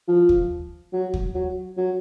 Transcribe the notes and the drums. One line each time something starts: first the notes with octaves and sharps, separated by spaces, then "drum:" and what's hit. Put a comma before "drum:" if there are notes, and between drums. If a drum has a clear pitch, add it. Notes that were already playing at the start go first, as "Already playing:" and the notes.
F3
drum: kick
F#3
drum: kick
F#3
F#3